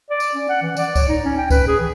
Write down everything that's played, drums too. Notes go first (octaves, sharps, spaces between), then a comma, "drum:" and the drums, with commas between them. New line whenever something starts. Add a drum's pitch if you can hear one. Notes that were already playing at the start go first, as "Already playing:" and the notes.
D5
drum: tambourine
C#4
F#5
E3
D5, drum: tambourine
C#5, drum: kick C#2, tambourine
D#4
C#4
G5
B4, drum: kick C#2, tambourine
G#4
E3